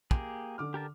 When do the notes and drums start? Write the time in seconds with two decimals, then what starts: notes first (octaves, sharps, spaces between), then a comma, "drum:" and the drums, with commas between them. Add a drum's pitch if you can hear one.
0.11 A#3 G4 G#4, drum: kick
0.58 D3 D6 F6
0.74 G4 A#4 A5